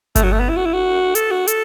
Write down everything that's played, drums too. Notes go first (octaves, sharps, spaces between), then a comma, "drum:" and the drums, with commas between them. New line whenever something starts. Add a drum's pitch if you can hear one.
A3, drum: kick G1, hi-hat
F#3
A3
B3
E4
F#4
E4
F#4
A4, drum: hi-hat
F#4
A4, drum: hi-hat